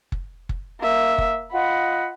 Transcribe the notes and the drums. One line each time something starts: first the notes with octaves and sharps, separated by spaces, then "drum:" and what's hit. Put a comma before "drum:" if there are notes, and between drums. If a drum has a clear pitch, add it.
drum: kick F#1
drum: kick F#1
A#3 E5
drum: kick F#1
F4 D#5 F#5 B5